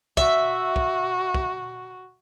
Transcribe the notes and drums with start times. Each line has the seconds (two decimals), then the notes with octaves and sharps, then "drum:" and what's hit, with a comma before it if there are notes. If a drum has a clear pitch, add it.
0.17 F#4 E5, drum: kick
0.76 drum: kick
1.34 drum: kick